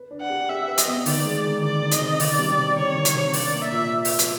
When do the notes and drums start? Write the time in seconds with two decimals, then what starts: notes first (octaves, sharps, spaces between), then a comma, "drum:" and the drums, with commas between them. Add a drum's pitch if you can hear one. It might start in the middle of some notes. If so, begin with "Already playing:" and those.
Already playing: B4
0.11 D4
0.21 F#5
0.30 G4
0.49 G4 E5
0.68 B4
0.78 D#5, drum: hi-hat
0.87 B3
1.06 D#3 D5, drum: open hi-hat
1.24 G#3
1.44 D#3
1.62 D#3 D5
1.82 D#3
1.92 D#5, drum: hi-hat
2.01 C3
2.20 D#3 D5, drum: open hi-hat
2.39 G3
2.58 C3
2.77 C3 C#5
2.95 D#3
3.05 drum: hi-hat
3.14 C3
3.33 D4 D5, drum: open hi-hat
3.53 A#3
3.62 E5
3.72 A#2
4.05 drum: open hi-hat
4.19 drum: hi-hat